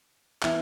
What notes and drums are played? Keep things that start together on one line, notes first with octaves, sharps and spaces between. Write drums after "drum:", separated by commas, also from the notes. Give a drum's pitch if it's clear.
E3 B3 E5, drum: clap